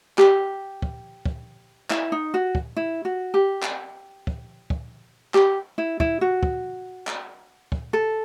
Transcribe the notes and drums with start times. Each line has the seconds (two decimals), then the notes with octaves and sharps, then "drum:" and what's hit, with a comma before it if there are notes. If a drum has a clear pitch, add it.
0.18 G4, drum: clap
0.82 drum: kick
1.25 drum: kick
1.90 E4, drum: clap
2.12 D#4
2.34 F#4
2.55 drum: kick
2.77 E4
3.05 F#4
3.34 G4
3.62 drum: clap
4.27 drum: kick
4.70 drum: kick
5.34 G4, drum: clap
5.78 E4
6.00 E4, drum: kick
6.21 F#4
6.43 drum: kick
7.07 drum: clap
7.72 drum: kick
7.93 A4